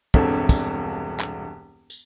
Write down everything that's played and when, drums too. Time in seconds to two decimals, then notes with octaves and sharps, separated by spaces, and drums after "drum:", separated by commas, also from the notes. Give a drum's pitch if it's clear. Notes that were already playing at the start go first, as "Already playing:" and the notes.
0.14 E1 C2 G2 C4 A4, drum: kick
0.49 drum: kick, tambourine
1.20 drum: clap
1.90 drum: tambourine